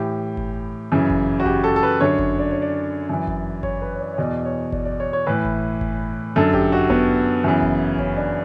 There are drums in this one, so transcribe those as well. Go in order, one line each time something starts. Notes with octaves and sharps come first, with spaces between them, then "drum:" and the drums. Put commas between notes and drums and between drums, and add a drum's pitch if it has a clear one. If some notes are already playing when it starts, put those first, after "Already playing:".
Already playing: A2 E3 G4
drum: kick G1
F#2 C#3 E3
drum: kick G1
F#4
G4, drum: kick G1
A4
A4
B4
F#2 D3 C#5
drum: kick G1
D5
C#5
D5
F#2 E3
drum: kick G1
C#5, drum: kick G1
B4
C#5
D5
C#5
E2 B2 D5
C#5
D5, drum: kick G1
D5
C#5
C#5
A2 E3 B4
drum: kick G1
drum: kick G1
F#2 D3 A4
G4, drum: kick G1
F#4
B3, drum: kick G1
F#2 C#3 E3
drum: kick G1
C#4, drum: kick G1
D4